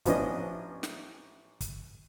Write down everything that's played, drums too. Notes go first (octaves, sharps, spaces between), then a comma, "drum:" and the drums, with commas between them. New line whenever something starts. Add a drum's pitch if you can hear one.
A1 F3 B3 C#4 D4 D#5, drum: kick, hi-hat
drum: snare
drum: kick, hi-hat